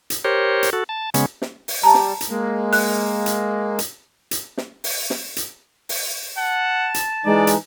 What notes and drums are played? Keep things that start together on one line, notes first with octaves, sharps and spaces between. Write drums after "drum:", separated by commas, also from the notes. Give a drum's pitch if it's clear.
drum: hi-hat
G4 A#4 C5 C#5
drum: hi-hat
F#4 A4
A5
C#3 G#3 B3 C#4, drum: hi-hat
drum: snare
drum: open hi-hat
G3 A5 A#5
drum: snare
drum: hi-hat
G#3 A#3
F#6, drum: open hi-hat
drum: hi-hat
drum: hi-hat
drum: hi-hat
drum: snare
drum: open hi-hat
drum: snare
drum: hi-hat
drum: open hi-hat
F#5 A5
drum: hi-hat
E3 G#3 D#4 D5
drum: hi-hat